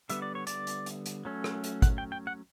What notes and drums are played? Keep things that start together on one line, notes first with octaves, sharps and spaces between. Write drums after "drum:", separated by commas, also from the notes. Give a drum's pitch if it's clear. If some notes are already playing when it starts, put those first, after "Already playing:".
D3 G3 B3 E5, drum: hi-hat
D5
C#5
D5, drum: hi-hat
drum: hi-hat
drum: hi-hat
drum: hi-hat
F#3 A3 C#4
drum: rim click
drum: hi-hat
F#5, drum: kick, hi-hat
G5
G5
F#5